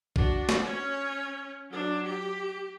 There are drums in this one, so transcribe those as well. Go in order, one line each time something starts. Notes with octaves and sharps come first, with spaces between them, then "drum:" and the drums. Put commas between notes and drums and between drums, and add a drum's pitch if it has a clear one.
D4 F#4, drum: kick
drum: snare
C#4 C#5
F#3 D4
G4